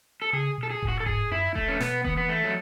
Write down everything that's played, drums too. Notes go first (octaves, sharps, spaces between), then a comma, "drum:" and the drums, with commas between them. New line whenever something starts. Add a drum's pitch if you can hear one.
A4
C#3 G#4
B2
A4
G#4
A2, drum: kick E1
F#4
A2 A4
G#2 G#4, drum: kick E1
F#2 E4
A3, drum: kick E1
C#4
B2 B3, drum: snare
D#3 B3, drum: kick E1
E3 B3
A3
F#3